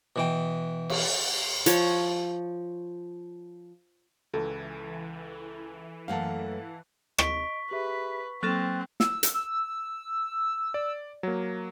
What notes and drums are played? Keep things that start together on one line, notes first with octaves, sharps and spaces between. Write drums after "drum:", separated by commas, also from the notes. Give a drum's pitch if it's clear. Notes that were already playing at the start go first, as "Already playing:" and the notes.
B2 E3 G5
drum: cymbal
F3 C#5, drum: hi-hat
C#2 E3 A4
F#2 A3 A#3 F5 F#5 A5
D#5 C#6 B6 D7, drum: rim click
G4 G#4 B4 E5
F#3 A#3 C4 A4 G5 F#6 A6
E6, drum: snare
drum: hi-hat
E6
D5
F#3 A#3